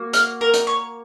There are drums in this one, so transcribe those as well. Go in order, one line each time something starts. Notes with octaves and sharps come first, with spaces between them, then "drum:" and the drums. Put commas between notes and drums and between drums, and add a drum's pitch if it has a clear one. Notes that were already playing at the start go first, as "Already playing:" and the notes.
Already playing: A#3 F#4
F5, drum: hi-hat
A#4
drum: hi-hat
C#5